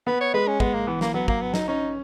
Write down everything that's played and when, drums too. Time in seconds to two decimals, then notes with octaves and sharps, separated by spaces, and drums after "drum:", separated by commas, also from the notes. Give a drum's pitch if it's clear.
0.07 B3 B4
0.21 C#5
0.34 G#3 B4
0.48 C#4
0.60 G#3 B3, drum: kick
0.74 A#3
0.87 E3 B3
1.01 A#3, drum: snare
1.14 F#3 B3
1.28 A#3, drum: kick
1.41 B3
1.54 D#4, drum: snare
1.68 C#4 D#4